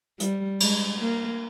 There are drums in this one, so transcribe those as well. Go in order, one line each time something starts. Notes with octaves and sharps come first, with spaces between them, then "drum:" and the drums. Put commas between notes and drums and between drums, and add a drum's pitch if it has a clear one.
G3, drum: hi-hat
G#3, drum: cymbal
A#3